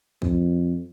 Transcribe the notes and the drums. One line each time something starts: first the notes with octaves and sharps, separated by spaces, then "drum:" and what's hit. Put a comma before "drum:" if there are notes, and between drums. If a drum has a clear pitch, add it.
F2, drum: kick